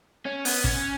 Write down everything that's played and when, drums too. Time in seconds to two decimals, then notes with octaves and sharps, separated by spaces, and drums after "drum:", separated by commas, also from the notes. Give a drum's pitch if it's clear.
0.26 C#4
0.45 B3, drum: open hi-hat
0.64 C#4, drum: kick